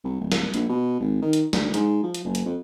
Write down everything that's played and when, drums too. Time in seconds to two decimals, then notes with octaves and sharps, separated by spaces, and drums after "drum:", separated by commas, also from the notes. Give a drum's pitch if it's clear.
0.04 C2
0.21 D1
0.32 drum: snare
0.54 A#1, drum: hi-hat
0.69 B2
1.00 G#1
1.22 D#3
1.33 drum: hi-hat
1.53 D2, drum: snare
1.74 G#2, drum: hi-hat
2.03 F3
2.15 drum: hi-hat
2.24 F#1
2.35 drum: hi-hat
2.46 F2